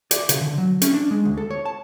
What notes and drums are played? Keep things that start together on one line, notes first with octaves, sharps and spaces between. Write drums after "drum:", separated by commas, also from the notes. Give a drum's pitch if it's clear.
D5, drum: hi-hat
C#3, drum: hi-hat
D3
F#3
C#4, drum: hi-hat
D4
G#3
D2
A4
C#5
A5